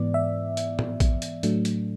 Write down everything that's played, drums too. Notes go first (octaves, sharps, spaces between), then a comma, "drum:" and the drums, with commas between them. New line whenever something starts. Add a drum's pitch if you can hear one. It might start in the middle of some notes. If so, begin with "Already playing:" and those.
Already playing: G#2 E3 B3 D5
E5
drum: hi-hat
drum: tom
drum: kick, hi-hat
drum: hi-hat
A2 F#3 A3 D4, drum: hi-hat
drum: hi-hat